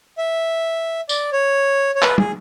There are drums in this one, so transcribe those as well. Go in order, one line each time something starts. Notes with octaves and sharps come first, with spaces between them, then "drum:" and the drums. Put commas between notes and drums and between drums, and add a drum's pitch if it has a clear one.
E5
D5, drum: tambourine
C#5
C#5
B4, drum: clap
G#4, drum: tom